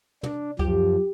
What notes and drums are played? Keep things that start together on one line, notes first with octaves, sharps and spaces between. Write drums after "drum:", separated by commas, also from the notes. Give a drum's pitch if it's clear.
D4, drum: tom
F#2 F3 G4, drum: kick C#2